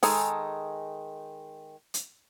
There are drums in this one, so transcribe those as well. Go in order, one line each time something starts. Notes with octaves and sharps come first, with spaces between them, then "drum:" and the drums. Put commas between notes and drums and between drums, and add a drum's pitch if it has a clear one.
D#3 G#3 G#4 A4, drum: open hi-hat
drum: hi-hat